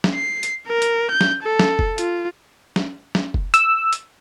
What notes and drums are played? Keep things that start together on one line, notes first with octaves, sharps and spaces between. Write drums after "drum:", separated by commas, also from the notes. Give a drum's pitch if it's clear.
drum: snare
C7
drum: hi-hat
A#4
drum: hi-hat
G6
drum: snare
A4
drum: snare
drum: kick F1
F4, drum: hi-hat
drum: snare
drum: snare
drum: kick F1
E6, drum: hi-hat
drum: hi-hat